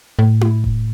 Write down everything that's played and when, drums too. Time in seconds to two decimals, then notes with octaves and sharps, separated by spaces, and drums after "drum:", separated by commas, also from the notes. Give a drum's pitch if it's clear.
0.19 A2
0.41 drum: tom E4
0.64 drum: kick E1